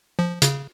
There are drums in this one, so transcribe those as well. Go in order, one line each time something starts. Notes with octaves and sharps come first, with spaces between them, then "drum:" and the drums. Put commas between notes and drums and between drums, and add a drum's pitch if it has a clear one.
F3
C#3, drum: hi-hat